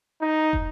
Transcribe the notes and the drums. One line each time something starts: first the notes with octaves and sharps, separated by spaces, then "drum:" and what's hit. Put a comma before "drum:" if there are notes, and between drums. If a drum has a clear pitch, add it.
D#4
drum: kick